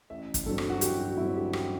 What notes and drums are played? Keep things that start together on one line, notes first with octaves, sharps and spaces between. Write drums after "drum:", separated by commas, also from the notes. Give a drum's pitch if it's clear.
A1 E5
drum: kick, hi-hat
G2 D3 F#3 C4 A4
drum: rim click
F#4
A1 G4, drum: hi-hat
F#4
G2 D3 F#3 C4 E4
G4
A1 G4, drum: rim click